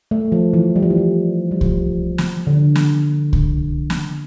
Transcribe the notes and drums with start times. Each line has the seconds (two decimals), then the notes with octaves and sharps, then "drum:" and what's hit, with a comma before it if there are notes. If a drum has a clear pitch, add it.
0.11 A3
0.32 F3
0.53 E3
0.76 G3
0.83 F3
0.90 E3
0.97 F3
1.51 G3
1.61 F3, drum: kick C2
2.18 drum: snare
2.47 D3
2.75 drum: snare
3.33 drum: kick C2
3.90 drum: snare